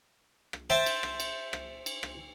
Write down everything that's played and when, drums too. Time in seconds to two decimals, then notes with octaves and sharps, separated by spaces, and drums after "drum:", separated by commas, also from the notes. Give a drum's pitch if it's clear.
0.53 drum: rim click
0.70 C5 E5 G5 A5
0.86 drum: cymbal
1.03 drum: rim click
1.20 drum: cymbal
1.53 drum: rim click
1.86 drum: cymbal
2.03 drum: rim click